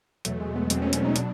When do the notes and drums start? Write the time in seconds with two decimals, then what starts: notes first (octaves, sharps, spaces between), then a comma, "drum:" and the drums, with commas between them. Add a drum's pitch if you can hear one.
0.25 E2 B2 F#3 A3, drum: hi-hat
0.40 G#3
0.56 B3
0.70 E2 B2 F#3 C4, drum: hi-hat
0.82 C#4
0.93 D4, drum: hi-hat
1.05 D#4
1.16 B2 F#3 D4, drum: hi-hat